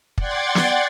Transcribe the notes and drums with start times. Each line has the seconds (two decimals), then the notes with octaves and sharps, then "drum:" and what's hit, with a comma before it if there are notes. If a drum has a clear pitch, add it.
0.18 D5 F#5 G5 C6 G#6 A6, drum: kick
0.55 drum: snare